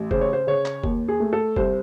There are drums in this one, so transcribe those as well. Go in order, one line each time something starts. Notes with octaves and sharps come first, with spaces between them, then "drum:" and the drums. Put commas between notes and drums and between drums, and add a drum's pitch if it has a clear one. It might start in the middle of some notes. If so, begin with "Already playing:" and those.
Already playing: A1
C#3 C5, drum: kick F#1
C#5
C5
C#3 C#5
drum: clap
D#2, drum: kick F#1
G#4
A3
A4
C2 C5, drum: kick F#1